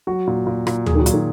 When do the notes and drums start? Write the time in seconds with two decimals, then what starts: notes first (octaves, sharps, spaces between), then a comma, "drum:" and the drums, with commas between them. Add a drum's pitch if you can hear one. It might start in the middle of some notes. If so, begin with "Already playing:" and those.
0.07 F#3 F#4
0.27 A#2
0.47 A#2
0.67 A#2, drum: rim click
0.86 G#4, drum: tom D2
0.95 D#3
1.00 F#3
1.06 A#2, drum: hi-hat
1.13 D#3